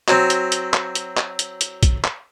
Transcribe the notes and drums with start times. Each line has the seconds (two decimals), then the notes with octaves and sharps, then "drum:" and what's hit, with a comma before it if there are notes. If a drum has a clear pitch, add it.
0.08 F#3 C4, drum: clap
0.30 drum: hi-hat
0.52 drum: hi-hat
0.74 drum: clap
0.95 drum: hi-hat
1.17 drum: clap
1.39 drum: hi-hat
1.61 drum: hi-hat
1.83 drum: kick, hi-hat
2.04 drum: clap